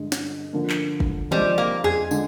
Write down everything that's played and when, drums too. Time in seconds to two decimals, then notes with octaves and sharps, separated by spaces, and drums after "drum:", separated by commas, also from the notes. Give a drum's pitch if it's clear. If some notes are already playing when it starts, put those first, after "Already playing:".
Already playing: G2 D3 G#3
0.12 drum: snare
0.53 D3 F3 A#3
0.70 drum: clap
1.00 drum: kick
1.31 F3 G3 G#3 C4, drum: tom D#3
1.58 A#3
1.84 G#4, drum: tom E2
2.11 D3 G#3, drum: tambourine